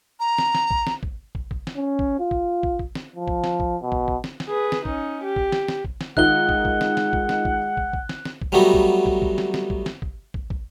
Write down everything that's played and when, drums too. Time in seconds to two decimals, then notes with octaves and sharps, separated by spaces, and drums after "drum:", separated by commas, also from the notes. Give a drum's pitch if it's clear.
0.20 A#5
0.38 drum: snare
0.55 drum: snare
0.71 drum: kick
0.87 drum: snare
1.03 drum: kick
1.35 drum: kick
1.51 drum: kick
1.67 drum: snare
1.76 C#4
1.99 drum: kick
2.20 F4
2.31 drum: kick
2.63 drum: kick
2.79 drum: kick
2.95 drum: snare
3.16 F3
3.28 drum: kick
3.44 drum: snare
3.60 drum: kick
3.82 B2
3.92 drum: kick
4.08 drum: kick
4.24 drum: snare
4.40 drum: snare
4.49 G#4 B4
4.72 drum: snare
4.85 C#4 D#4, drum: kick
5.24 G4
5.36 drum: kick
5.52 drum: snare
5.68 drum: snare
5.85 drum: kick
6.01 drum: snare
6.17 D#3 G#3 D#4 F4 F#5 F#6 G7, drum: kick
6.49 drum: kick
6.65 drum: kick
6.81 drum: snare
6.97 drum: snare
7.13 drum: kick
7.29 drum: snare
7.45 drum: kick
7.77 drum: kick
7.93 drum: kick
8.09 drum: snare
8.25 drum: snare
8.42 drum: kick
8.52 F#3 G3 A3 B3 D#4 F#4
8.74 drum: kick
9.06 drum: kick
9.22 drum: kick
9.38 drum: snare
9.54 drum: snare
9.70 drum: kick
9.86 drum: snare
10.02 drum: kick
10.34 drum: kick
10.50 drum: kick